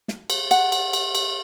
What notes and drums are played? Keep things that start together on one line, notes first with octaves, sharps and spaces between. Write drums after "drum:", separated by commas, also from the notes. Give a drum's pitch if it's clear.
drum: snare
drum: cymbal
F#5, drum: cymbal
drum: cymbal
drum: cymbal
drum: cymbal